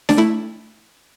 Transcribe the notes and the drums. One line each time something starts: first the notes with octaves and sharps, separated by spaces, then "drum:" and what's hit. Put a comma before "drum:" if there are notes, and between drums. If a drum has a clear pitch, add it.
D4, drum: snare D4
A3 E4